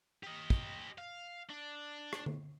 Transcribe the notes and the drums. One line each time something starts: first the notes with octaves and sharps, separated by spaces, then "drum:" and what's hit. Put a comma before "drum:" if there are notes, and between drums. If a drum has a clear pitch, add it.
G4 D#5
drum: kick
F5
D4
drum: rim click
drum: tom D3